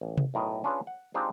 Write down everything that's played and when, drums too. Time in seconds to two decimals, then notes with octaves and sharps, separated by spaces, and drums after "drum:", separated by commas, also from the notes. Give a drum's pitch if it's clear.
0.01 A1
0.18 drum: tom C3
0.34 B1 A2 A#4 D#5
0.64 C#4 D4 F4 G#4 B4 C#5
0.87 F#5
1.14 G#3 C4 D4 D#4 F4 G4